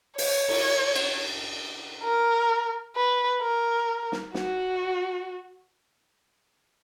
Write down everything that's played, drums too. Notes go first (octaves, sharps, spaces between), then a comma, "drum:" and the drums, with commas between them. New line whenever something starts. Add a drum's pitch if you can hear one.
C#5, drum: open hi-hat
drum: cymbal
drum: cymbal
A#4
B4
A#4
drum: snare
F#4, drum: snare